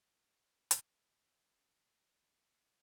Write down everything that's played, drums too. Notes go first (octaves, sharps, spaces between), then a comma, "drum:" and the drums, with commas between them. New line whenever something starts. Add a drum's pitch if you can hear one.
drum: hi-hat
G#4 A#4 C5 D6 G6